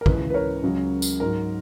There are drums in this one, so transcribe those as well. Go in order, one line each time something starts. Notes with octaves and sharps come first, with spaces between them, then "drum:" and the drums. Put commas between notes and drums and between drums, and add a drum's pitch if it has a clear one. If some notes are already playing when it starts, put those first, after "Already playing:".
A#4
C#2 C#3 E3 B4, drum: kick
B4
A#4 C#5
C#2 C#3 F#3
drum: tambourine
G#2 F#3 A#4